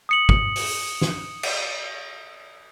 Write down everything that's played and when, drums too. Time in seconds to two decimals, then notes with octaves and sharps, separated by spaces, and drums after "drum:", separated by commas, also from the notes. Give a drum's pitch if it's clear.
0.09 D#6 C#7 F#7
0.29 drum: kick
0.56 drum: open hi-hat
1.01 drum: snare
1.43 drum: cymbal